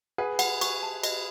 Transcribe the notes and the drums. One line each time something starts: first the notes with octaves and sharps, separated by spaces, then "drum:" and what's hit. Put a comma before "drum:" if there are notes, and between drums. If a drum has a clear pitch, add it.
G#4 B4 F#5
F#5, drum: cymbal
C#6, drum: cymbal
A5
D#5, drum: cymbal